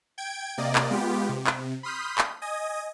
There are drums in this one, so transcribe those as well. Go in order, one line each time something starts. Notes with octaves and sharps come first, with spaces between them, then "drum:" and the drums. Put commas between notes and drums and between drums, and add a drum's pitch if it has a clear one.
G5 G#6 D7
C3 A#3 D5 D#5
drum: clap
G#3 B3 F4 G4
C3
drum: clap
B5 C6 D#6 F6 G6 B6
drum: clap
D#5 G#5 D#6